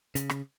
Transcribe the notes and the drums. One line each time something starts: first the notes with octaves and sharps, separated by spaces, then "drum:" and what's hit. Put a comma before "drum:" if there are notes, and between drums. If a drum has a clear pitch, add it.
C#3, drum: hi-hat
drum: rim click